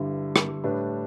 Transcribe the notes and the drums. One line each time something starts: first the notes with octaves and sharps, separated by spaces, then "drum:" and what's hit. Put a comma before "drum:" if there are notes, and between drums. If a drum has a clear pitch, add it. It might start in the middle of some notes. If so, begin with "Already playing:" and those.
Already playing: G2 D3 G3 E4 B4
drum: rim click
A2 G3 D4 B4